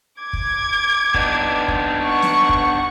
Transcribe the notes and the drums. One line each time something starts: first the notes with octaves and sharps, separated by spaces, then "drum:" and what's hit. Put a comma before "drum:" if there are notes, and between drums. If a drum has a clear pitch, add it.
D6 G#6
drum: kick
B3 D4 D#4, drum: kick
drum: kick
F#5 C#6
drum: snare
drum: kick